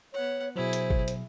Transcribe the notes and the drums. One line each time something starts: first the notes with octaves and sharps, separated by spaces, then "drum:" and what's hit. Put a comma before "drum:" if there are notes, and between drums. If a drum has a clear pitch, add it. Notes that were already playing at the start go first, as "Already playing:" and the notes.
B3 C#5 F#5
B2 F#3 E4 G#4 C5
drum: hi-hat
drum: kick G#1
drum: hi-hat